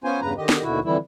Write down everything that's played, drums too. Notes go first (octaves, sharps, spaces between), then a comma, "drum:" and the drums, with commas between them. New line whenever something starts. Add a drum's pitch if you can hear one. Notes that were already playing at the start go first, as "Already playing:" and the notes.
B3 C#4 F4 C5 G#5
E2 G2 C#3 B4 A#5
D3 D#3 G4 D#5
drum: snare
D#2 B2 D3 E4 F#4
F2 D3 E3 G3 E4